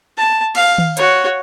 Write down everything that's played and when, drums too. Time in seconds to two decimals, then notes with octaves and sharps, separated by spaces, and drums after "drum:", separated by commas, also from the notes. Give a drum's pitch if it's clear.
0.17 A5
0.55 F5, drum: cymbal
0.78 drum: tom D#3
0.97 F#4 C#5, drum: hi-hat